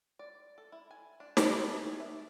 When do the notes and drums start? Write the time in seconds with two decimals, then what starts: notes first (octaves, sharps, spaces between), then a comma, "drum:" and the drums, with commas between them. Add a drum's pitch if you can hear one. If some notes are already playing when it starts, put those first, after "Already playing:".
0.19 D5
0.58 A4
0.72 E4
0.91 G#5
1.20 D4
1.37 B4, drum: snare
1.56 D4
1.69 G#4
1.86 G#4
2.00 E5
2.15 D5